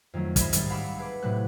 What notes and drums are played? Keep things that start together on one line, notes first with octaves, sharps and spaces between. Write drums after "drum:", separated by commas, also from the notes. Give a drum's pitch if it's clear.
F2 D#3 F#3 A3
G#4 D#5 E5 B5, drum: kick, hi-hat
G#1 G3 D#4 A6, drum: hi-hat
F5 F#5 A5 B5 D6 E6
G#4 B4 F#5 D6
A2 C3 F#3 A3 F#6